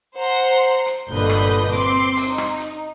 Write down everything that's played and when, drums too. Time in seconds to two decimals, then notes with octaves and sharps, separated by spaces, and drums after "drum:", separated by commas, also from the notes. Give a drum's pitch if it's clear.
0.17 C5 F#5 A#5 C6
0.86 drum: hi-hat
1.09 G1 A#2 D3 B4 D#5 G6
1.30 drum: rim click
1.73 C4 C6 D6, drum: hi-hat
2.16 drum: open hi-hat
2.26 D#4
2.38 drum: rim click
2.60 drum: hi-hat